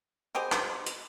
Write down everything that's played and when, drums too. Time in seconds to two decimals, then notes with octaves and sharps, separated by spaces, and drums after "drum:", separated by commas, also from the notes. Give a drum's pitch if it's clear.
0.35 B2 G4 G#4 C5
0.52 drum: clap
0.86 drum: hi-hat